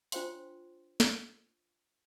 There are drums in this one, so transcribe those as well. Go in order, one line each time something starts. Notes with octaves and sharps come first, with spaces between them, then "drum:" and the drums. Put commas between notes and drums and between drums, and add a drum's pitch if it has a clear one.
D4 F4 C5 C#5 G5 C6, drum: hi-hat
drum: snare